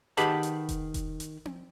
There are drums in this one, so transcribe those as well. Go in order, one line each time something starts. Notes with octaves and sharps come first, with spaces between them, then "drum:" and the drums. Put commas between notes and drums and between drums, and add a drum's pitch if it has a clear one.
D#3 G4 G#4 B4 F#5 A5, drum: hi-hat
drum: hi-hat
drum: kick E1, hi-hat
drum: kick E1, hi-hat
drum: hi-hat
drum: tom C4